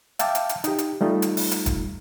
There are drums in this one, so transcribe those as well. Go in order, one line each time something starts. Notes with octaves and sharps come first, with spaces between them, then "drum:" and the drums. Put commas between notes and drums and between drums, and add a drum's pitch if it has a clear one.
E5 F5 G5 A5 D6, drum: hi-hat
drum: hi-hat
drum: hi-hat
D#4 G4, drum: hi-hat
drum: hi-hat
G3 A3 D#4 F4
drum: hi-hat
drum: open hi-hat
drum: hi-hat
drum: kick F1, hi-hat